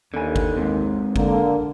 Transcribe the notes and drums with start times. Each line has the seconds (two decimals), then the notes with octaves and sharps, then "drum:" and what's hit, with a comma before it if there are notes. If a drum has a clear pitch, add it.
0.14 D#2 D3 G#5
0.36 drum: kick
0.57 G#2 C3
1.16 D3 A#3, drum: kick